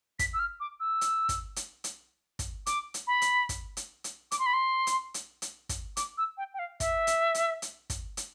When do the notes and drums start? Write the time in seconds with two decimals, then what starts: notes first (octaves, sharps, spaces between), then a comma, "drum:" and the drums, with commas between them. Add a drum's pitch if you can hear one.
0.19 B6, drum: kick, hi-hat
0.33 E6
0.39 F6
0.60 D6
0.80 E6
1.01 drum: hi-hat
1.29 drum: kick, hi-hat
1.56 drum: hi-hat
1.84 drum: hi-hat
2.39 drum: kick, hi-hat
2.66 D6, drum: hi-hat
2.94 drum: hi-hat
3.07 B5
3.22 drum: hi-hat
3.49 drum: kick, hi-hat
3.77 drum: hi-hat
4.04 drum: hi-hat
4.31 D6, drum: hi-hat
4.39 C6
4.46 B5
4.54 C6
4.87 drum: hi-hat
5.14 drum: hi-hat
5.42 drum: hi-hat
5.69 drum: kick, hi-hat
5.97 D6, drum: hi-hat
6.18 E6
6.38 G5
6.54 G5
6.59 F5
6.80 E5, drum: kick, hi-hat
7.07 drum: hi-hat
7.35 drum: hi-hat
7.62 drum: hi-hat
7.90 drum: kick, hi-hat
8.17 drum: hi-hat